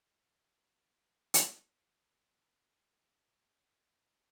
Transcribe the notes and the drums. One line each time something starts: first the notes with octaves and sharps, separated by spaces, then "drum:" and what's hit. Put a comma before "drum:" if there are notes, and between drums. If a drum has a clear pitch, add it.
A2
D3
E3
drum: hi-hat
F3
C#3
D3
D#3
F3
F3
E3
E3
F3
F#3